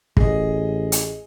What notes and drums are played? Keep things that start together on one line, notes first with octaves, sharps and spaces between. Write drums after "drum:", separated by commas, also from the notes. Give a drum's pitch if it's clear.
A1 G#4 D#5, drum: kick
drum: hi-hat